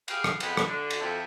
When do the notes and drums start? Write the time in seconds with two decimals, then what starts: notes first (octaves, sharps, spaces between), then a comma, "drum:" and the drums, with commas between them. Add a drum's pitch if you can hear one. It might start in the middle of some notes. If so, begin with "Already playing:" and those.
0.08 G4 G#4 B4 F5, drum: cymbal
0.24 drum: rim click
0.40 F2 G#3 B3, drum: cymbal
0.57 drum: rim click
0.67 D3
0.90 drum: cymbal
1.00 F2 F3 A4 E5